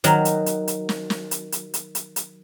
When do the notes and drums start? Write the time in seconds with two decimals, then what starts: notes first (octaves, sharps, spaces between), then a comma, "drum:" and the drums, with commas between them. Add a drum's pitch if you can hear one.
0.04 D#3 F#3, drum: hi-hat
0.25 drum: hi-hat
0.46 drum: hi-hat
0.68 drum: hi-hat
0.89 drum: snare
1.10 drum: snare
1.31 drum: hi-hat
1.52 drum: hi-hat
1.74 drum: hi-hat
1.95 drum: hi-hat
2.16 drum: hi-hat